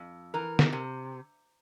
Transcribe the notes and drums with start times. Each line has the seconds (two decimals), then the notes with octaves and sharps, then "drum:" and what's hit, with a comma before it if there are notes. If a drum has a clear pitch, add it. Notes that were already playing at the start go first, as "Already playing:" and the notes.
Already playing: F2
0.34 E3 A#4
0.59 drum: snare
0.73 C3